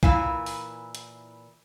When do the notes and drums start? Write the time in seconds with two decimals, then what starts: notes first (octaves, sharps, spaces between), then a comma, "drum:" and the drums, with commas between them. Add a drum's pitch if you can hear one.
0.03 A#2 E3 E4 F5 G#5, drum: kick
0.46 drum: open hi-hat
0.95 drum: hi-hat